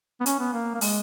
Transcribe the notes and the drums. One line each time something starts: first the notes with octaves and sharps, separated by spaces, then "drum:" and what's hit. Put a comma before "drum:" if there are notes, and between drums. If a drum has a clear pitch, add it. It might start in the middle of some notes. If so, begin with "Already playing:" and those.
B3
C#4, drum: hi-hat
B3
A#3
A#3
G#3, drum: open hi-hat